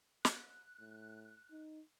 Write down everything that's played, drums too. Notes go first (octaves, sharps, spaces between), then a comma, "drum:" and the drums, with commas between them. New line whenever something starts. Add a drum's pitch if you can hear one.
F#6, drum: snare
A2
D#4